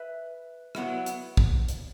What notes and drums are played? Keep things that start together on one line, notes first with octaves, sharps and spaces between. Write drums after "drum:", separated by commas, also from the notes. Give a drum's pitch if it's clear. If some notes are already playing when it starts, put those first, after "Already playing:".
Already playing: B4 E5
F#3 B3 E4, drum: rim click
drum: hi-hat
drum: kick
drum: hi-hat